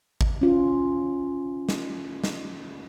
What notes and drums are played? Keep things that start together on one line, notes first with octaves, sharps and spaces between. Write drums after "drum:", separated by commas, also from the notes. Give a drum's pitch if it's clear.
drum: kick G#1
C#4 F4
drum: snare
drum: snare